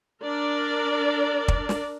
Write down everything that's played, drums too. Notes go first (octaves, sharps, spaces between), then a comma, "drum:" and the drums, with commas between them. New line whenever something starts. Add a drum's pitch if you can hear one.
D4 A#4 D5
drum: kick
drum: snare